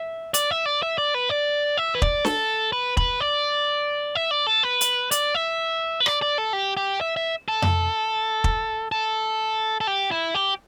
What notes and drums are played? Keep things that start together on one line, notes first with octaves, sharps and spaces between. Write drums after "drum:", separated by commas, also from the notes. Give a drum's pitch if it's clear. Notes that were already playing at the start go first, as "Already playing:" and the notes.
Already playing: E5
D5, drum: hi-hat
E5
D5
E5
D5
B4
D5
E5
B4
D5, drum: kick
A4, drum: snare
B4
B4, drum: kick
D5
E5
D5
A4
B4
drum: hi-hat
D5, drum: hi-hat
E5
B4
D5, drum: rim click
D5
A4
G4
G4
E5
E5
A4
drum: tom F2
drum: kick
A4
A4
G4
E4
G4